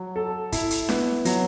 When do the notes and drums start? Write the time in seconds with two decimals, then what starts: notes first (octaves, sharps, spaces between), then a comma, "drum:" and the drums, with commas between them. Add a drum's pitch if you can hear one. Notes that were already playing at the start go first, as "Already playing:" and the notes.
Already playing: F#3
0.16 A4
0.52 E4, drum: kick, hi-hat
0.70 drum: hi-hat
0.89 B3, drum: snare D4
1.25 F#3, drum: hi-hat